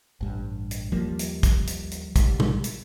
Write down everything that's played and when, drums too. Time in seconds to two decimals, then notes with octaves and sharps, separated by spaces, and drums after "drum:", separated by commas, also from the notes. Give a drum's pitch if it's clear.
0.21 A1 G2
0.71 drum: hi-hat
0.92 D#2 F3 G3 A#3
1.19 drum: hi-hat
1.43 drum: kick, hi-hat
1.67 drum: hi-hat
1.92 drum: hi-hat
2.16 A#1 G#2 G3, drum: kick, hi-hat
2.40 drum: tom
2.64 drum: hi-hat